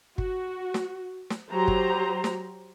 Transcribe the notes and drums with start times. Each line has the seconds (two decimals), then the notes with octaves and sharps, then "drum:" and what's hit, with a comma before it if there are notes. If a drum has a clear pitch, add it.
0.18 F#4, drum: kick
0.74 drum: snare
1.30 drum: snare
1.52 F#3 G4 C5 A#5
1.68 drum: kick
2.24 drum: snare